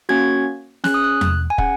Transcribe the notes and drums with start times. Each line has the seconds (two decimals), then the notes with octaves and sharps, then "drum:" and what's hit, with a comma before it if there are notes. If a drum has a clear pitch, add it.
0.09 A#3 C#4 F#4 G#6
0.84 C#4 G#4 F#6, drum: snare
0.94 D#6
1.04 F#6
1.21 drum: tom E2
1.50 G#5
1.58 C#4 G#4 F#5, drum: kick